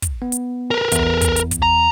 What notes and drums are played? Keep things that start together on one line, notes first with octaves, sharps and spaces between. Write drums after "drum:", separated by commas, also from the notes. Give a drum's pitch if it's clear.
drum: kick, hi-hat
B3
drum: hi-hat
A#4 B4
E2, drum: kick, hi-hat
drum: kick, hi-hat
drum: hi-hat
drum: kick, hi-hat
A#5